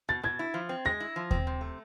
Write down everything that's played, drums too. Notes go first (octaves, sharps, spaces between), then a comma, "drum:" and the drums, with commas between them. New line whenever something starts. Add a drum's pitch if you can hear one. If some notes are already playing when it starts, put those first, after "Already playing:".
B2 A6
B2 G#6
E4
F3
C4
G#3 A#6
E4
F3
C4, drum: kick D#2
C3
A3